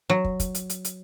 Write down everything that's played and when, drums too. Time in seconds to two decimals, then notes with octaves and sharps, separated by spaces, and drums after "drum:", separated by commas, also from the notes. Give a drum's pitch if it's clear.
0.10 F#3
0.25 drum: kick
0.40 drum: kick, hi-hat
0.55 drum: hi-hat
0.70 drum: hi-hat
0.85 drum: hi-hat